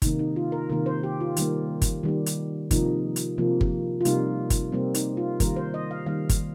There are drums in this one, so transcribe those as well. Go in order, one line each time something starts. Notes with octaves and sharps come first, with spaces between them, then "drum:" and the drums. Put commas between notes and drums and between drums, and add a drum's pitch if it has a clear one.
C3 D#3 A#3 D#4, drum: kick G1, hi-hat
D#4
F4
A#4
C3 D#3 A#3 A#4
C5
G4
F4
D#3 G3 A#3, drum: hi-hat
drum: kick G1, hi-hat
D#3 G3 A#3
drum: hi-hat
C3 F3 A#3 D#4, drum: kick G1, hi-hat
drum: hi-hat
C3 F3 A#3
drum: kick G1
F4
C3 G3 A#3 D#4, drum: hi-hat
drum: kick G1, hi-hat
C3 G3 A#3 C4
D#4, drum: hi-hat
F4
D#3 G3 A#3 A#4, drum: kick G1, hi-hat
C5
D#5
F5
D#3 G3 A#3 F5
drum: kick G1, hi-hat